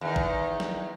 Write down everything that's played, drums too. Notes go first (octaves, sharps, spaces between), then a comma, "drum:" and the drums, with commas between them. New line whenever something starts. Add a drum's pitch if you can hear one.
E2 D#3
drum: kick G#1
drum: snare